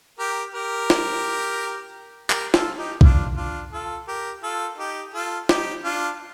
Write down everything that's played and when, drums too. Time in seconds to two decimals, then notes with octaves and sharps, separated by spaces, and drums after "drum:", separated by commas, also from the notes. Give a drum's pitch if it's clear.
0.19 G4 A#4
0.54 G4 A#4
0.90 drum: snare
2.30 G4 A#4, drum: clap
2.54 F4 A4, drum: snare
2.78 D#4 G4
3.01 D4 F4, drum: kick B1
3.37 D4 F4
3.73 F4 A4
4.08 G4 A#4
4.42 F4 A4
4.78 D#4 G4
5.14 F4 A4
5.49 D#4 G4, drum: snare
5.84 D4 F4